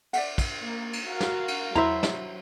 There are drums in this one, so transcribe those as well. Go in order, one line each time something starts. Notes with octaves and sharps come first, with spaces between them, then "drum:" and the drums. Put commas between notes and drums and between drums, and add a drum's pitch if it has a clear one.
D5 E5 F#5, drum: cymbal
drum: kick, cymbal
A#3
drum: cymbal
F#4 A#4 F5
drum: snare
drum: cymbal
F#3 E4 C5 E5 A#5, drum: tom
drum: snare